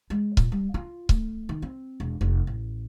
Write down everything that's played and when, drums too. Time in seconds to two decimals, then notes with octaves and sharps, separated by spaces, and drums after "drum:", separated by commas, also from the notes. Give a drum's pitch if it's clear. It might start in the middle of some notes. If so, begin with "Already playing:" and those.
0.10 G#3
0.37 A#2, drum: kick C#1
0.52 G3
0.74 F4
1.09 A3, drum: kick C#1
1.49 D#3
1.62 C4
2.00 E1
2.21 F1
2.47 A1